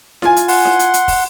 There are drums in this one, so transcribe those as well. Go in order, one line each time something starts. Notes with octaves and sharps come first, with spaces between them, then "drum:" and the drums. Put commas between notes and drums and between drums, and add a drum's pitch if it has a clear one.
F4 G#5, drum: snare E4
drum: hi-hat
F#5 C6, drum: open hi-hat
drum: snare E4
drum: hi-hat
drum: hi-hat
drum: kick, open hi-hat